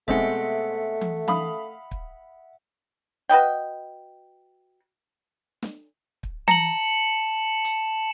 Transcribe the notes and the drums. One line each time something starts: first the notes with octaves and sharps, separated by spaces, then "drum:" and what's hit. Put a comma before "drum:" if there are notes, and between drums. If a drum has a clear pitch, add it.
B2 G#3 A3 C4 E5 F#5, drum: kick
drum: tom E3
F5 B5 D#6, drum: tom E3
drum: kick
F#4 B4 D#5 G5
drum: snare
drum: kick
A5 A#5 C#7 F#7, drum: tom E3
drum: hi-hat